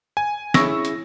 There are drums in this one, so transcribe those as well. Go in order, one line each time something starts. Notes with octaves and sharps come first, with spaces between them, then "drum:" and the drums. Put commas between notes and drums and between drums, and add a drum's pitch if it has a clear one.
G#5
C#4 E4 G#4 C#6 E6 A#6, drum: snare
drum: hi-hat